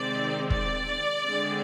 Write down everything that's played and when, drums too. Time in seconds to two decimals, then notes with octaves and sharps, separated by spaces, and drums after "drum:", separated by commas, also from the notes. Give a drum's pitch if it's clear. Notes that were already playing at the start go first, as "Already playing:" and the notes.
Already playing: C3 D#3 G#3 C4 D5
0.50 D5, drum: kick
1.26 D3 G#3 C4